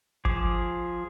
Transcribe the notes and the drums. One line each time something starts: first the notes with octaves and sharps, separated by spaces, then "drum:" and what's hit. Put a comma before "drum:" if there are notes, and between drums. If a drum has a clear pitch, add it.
F3 G#4 D6, drum: kick G#1